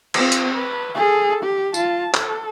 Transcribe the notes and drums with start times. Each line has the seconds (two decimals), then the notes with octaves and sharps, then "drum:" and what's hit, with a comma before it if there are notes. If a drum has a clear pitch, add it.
0.14 C4 F4, drum: cymbal
0.32 drum: hi-hat
0.54 B4
0.95 G#4 A4
1.43 G4
1.74 F4 A5, drum: tambourine
2.14 A4, drum: clap